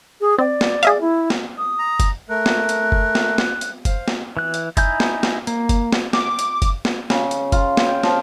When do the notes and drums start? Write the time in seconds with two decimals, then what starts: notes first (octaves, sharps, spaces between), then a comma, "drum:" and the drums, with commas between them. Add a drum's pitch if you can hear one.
0.21 G#4
0.38 C4 D5
0.61 drum: snare
0.83 G#4 E5 F5, drum: hi-hat
1.01 E4
1.30 drum: snare
1.58 D#6
1.79 A#5
2.00 drum: kick F#1, hi-hat
2.29 A3 A#4 F#6
2.46 drum: snare
2.69 drum: hi-hat
2.92 drum: kick F#1
3.15 drum: snare
3.38 drum: snare
3.61 drum: hi-hat
3.85 C5 F5, drum: kick F#1, hi-hat
4.08 drum: snare
4.37 E3 F#6
4.54 drum: hi-hat
4.77 D#4 E4 E5 G#5 G6, drum: kick F#1, hi-hat
5.00 drum: snare
5.23 drum: snare
5.47 A#3, drum: hi-hat
5.69 drum: kick F#1, hi-hat
5.92 drum: snare
6.13 D6, drum: snare
6.39 drum: hi-hat
6.62 drum: kick F#1, hi-hat
6.85 drum: snare
7.10 C#3, drum: snare
7.31 drum: hi-hat
7.52 F4, drum: kick F#1, hi-hat
7.77 drum: snare
7.87 G5
8.03 F3, drum: snare